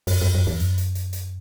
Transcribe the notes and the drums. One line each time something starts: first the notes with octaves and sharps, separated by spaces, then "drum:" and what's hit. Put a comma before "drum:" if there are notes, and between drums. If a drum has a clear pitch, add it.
F#2, drum: open hi-hat
F#2
F#2
E2
F#2, drum: hi-hat
drum: hi-hat
drum: hi-hat
drum: hi-hat